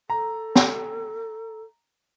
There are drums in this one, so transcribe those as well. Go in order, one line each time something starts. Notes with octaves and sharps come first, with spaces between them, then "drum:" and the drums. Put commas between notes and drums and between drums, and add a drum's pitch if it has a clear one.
A4 A#5
drum: snare